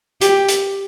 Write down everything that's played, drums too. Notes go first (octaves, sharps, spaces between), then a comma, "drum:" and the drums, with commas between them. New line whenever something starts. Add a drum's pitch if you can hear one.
G4, drum: hi-hat
drum: hi-hat